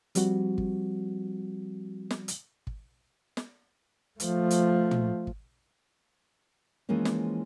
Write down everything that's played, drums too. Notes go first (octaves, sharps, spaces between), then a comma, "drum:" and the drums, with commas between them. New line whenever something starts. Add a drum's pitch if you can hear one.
F3 G3 C4 F#4, drum: hi-hat
drum: kick
drum: snare
drum: hi-hat
drum: kick
drum: snare
F3 A3, drum: hi-hat
drum: hi-hat
drum: tom
drum: kick
E3 F3 G#3 A#3 C#4
drum: snare